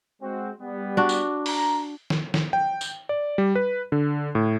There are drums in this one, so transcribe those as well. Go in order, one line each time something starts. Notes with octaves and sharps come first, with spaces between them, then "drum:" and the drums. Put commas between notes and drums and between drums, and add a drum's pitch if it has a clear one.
G#3 C4 F#4
G3 B3
D4 F#4
drum: tambourine
A#5, drum: open hi-hat
drum: snare
drum: snare
G5
drum: tambourine
D5
G3
B4
D3
A2